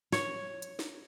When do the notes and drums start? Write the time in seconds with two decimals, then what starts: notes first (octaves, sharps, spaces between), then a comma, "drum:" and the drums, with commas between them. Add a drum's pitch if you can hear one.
0.12 C#5, drum: snare
0.62 drum: hi-hat
0.79 drum: snare